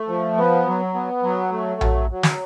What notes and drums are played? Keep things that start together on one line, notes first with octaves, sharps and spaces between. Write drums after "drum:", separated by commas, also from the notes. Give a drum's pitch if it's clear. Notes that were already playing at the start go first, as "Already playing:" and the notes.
Already playing: A3
F3
B3
F#3
B3
F#3
A3
F#3, drum: tom A#1
F#3
drum: snare